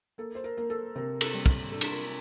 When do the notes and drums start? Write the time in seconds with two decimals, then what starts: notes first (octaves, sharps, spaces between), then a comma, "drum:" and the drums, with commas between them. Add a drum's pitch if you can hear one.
0.18 A#3 A4
0.35 C5
0.44 A#4
0.57 A#3
0.70 A4
0.95 C3 A#4
1.21 A4, drum: cymbal
1.34 G3
1.46 A4, drum: kick
1.72 D4 A4
1.81 drum: cymbal
1.90 A#4